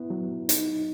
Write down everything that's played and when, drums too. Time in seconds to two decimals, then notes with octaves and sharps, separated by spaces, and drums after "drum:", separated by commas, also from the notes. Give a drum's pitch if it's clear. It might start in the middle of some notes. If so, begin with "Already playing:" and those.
Already playing: B3 E4
0.10 F#3
0.49 D#4, drum: hi-hat